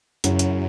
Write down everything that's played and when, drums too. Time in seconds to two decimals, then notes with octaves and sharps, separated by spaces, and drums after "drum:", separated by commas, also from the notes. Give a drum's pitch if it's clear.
0.24 F#2 C#3 F#3 C#4 E4, drum: hi-hat
0.39 drum: hi-hat